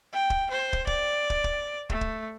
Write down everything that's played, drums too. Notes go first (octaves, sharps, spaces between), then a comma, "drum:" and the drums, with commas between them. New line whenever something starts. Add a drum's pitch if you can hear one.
G5
drum: kick
C5
drum: kick
D5, drum: kick
drum: kick
drum: kick
A3, drum: kick
drum: kick